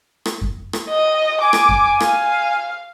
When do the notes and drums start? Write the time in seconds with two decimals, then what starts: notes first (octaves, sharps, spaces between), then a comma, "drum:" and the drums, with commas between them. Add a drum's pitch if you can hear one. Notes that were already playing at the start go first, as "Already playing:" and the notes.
0.26 drum: rim click
0.41 drum: kick F#2
0.73 drum: rim click
0.89 D#5
1.42 G#5 D6
1.53 drum: rim click
1.69 drum: kick F#2
2.00 F5, drum: rim click